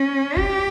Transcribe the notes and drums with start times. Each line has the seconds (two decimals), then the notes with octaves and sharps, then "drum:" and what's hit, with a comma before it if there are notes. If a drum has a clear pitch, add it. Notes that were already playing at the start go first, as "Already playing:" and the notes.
Already playing: C#4
0.37 G4, drum: kick F1